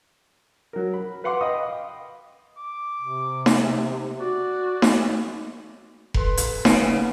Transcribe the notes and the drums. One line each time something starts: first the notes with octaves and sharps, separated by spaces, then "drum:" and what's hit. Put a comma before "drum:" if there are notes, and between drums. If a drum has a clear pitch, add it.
F#3 A#4
B5
B4 F5 F#5 C6 D6 F#6
D#5 F5 G5 B5 D#6
D6
C3
drum: snare D#4
F#4 D5
drum: snare D#4
A4 B4 C6, drum: kick F1
drum: hi-hat
C#3 A#3 B3 F5 A5, drum: snare D#4